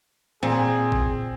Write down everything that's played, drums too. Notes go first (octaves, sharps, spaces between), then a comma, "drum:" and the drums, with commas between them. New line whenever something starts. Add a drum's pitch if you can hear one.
A#2 C4 G#4
drum: kick G#1